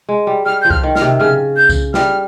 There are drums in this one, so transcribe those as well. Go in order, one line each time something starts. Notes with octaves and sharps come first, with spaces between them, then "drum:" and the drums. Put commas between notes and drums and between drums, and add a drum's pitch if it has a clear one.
G#3
G3
G3 F6
F3 G6
F6, drum: kick C2
D#3
F6, drum: snare
C3
C#3 F6, drum: tom A2
G6
drum: kick C2, tambourine
G3 F6, drum: snare